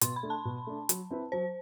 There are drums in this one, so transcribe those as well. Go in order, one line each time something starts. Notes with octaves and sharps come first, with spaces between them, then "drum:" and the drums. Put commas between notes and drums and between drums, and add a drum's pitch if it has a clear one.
B2 C6, drum: hi-hat
B5
A3 D4
A5
B2
A3 D4
F#3, drum: hi-hat
C4 E4 B4
F#3 C5